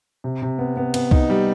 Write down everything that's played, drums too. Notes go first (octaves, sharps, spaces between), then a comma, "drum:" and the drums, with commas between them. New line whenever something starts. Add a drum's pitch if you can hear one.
C3
C3
B3
B3
B3, drum: cymbal
D#4, drum: kick C2
G3